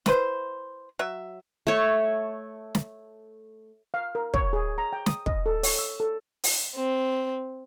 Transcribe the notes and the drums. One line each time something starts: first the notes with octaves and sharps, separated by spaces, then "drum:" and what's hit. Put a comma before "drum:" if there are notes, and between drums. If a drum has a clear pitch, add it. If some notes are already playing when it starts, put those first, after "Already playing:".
E4 B4 C5, drum: snare
F#3 E5
A3 C#5
drum: snare
F5
A#4
C#5, drum: kick
G#4
A#5
G5
D#6, drum: snare
D#5, drum: kick
A4
C#5, drum: open hi-hat
E6
A4
drum: open hi-hat
C4